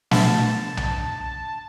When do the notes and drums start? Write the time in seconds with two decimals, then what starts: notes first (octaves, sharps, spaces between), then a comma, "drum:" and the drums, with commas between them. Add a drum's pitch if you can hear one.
0.11 A3 D4 A5, drum: snare
0.77 drum: tom B1